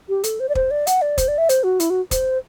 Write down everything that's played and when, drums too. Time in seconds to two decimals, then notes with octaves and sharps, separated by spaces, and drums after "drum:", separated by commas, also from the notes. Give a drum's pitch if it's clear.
0.09 G4
0.24 A4, drum: hi-hat
0.40 C5
0.49 D5
0.55 C5, drum: kick
0.71 D5
0.87 F#5, drum: hi-hat
1.02 D5
1.18 C5, drum: kick, hi-hat
1.28 D5
1.38 E5
1.49 C5, drum: hi-hat
1.64 F#4
1.80 E4, drum: hi-hat
1.90 F#4
2.11 C5, drum: kick, hi-hat